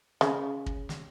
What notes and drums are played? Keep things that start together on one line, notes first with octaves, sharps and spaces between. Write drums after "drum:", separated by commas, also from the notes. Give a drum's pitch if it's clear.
C#3, drum: snare
drum: kick
drum: snare